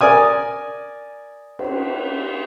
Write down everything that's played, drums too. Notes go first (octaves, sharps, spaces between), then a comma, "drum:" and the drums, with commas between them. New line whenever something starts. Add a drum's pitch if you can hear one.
A#4 D5 G#5 D#6
drum: cymbal